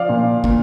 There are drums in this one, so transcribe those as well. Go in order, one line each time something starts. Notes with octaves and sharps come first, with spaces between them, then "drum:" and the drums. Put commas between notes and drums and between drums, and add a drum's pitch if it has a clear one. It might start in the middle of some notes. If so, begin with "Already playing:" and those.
Already playing: F3 D5 F5
A#2
A#2, drum: kick